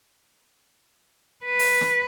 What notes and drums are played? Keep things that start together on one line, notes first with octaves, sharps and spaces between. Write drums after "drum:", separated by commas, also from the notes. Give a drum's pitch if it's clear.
B4
drum: open hi-hat
drum: snare